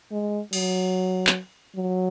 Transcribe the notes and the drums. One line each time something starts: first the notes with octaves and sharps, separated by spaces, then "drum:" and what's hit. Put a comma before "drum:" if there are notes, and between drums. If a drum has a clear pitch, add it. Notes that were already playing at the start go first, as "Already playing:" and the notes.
G#3
F#3, drum: cymbal
drum: clap
F#3